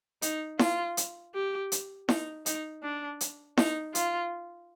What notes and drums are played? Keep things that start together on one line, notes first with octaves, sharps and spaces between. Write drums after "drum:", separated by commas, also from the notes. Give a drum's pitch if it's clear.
D#4, drum: hi-hat
F4, drum: snare E4
drum: hi-hat
G4
drum: hi-hat
D#4, drum: snare E4
D#4, drum: hi-hat
D4
drum: hi-hat
D#4, drum: snare E4
F4, drum: hi-hat